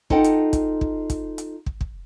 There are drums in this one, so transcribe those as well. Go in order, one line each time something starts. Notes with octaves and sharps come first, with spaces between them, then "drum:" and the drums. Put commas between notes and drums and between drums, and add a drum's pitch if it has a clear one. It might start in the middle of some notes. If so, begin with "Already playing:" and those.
D#4 F4 A4 D#5 F#5 G5, drum: kick
drum: hi-hat
drum: kick, hi-hat
drum: kick
drum: kick, hi-hat
drum: hi-hat
drum: kick
drum: kick